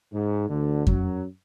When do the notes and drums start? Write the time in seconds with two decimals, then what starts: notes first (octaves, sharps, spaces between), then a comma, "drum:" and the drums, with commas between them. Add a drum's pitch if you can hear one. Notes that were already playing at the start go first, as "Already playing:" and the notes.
0.13 G#2
0.49 D2 D3
0.87 F#2 F#3, drum: kick F2